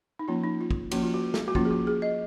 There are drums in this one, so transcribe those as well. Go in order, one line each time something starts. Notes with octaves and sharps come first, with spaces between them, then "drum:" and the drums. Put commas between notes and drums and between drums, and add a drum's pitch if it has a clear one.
D#4
F3 A#3 C#4 F4
D#4
F4
drum: kick
F3 A#3 C#4 F#4, drum: cymbal
F4
F#4
drum: snare
F#4
F3 A#3 C#4 F4, drum: kick
G#4
F#4
G#4
D#5